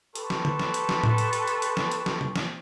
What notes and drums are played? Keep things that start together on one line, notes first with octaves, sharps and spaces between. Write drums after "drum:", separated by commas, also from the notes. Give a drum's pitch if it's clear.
G4 A4 B4 A5 C6 C#6, drum: hi-hat
drum: snare
drum: tom D3
drum: snare
drum: hi-hat
drum: snare
drum: tom A2
drum: hi-hat
drum: hi-hat
drum: hi-hat
drum: hi-hat
drum: snare
drum: hi-hat
drum: snare
drum: tom B2
drum: snare